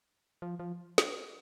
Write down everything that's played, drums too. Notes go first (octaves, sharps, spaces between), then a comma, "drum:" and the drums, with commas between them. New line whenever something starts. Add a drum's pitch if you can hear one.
F3
F3
drum: snare